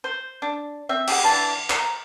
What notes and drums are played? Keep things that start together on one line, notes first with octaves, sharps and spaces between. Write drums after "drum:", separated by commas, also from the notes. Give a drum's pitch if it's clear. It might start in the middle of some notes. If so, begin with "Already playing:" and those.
C5
D4
C4 E5
G4 G#4 F#5, drum: cymbal
D3 E3 A5 B5
C5 A#5, drum: clap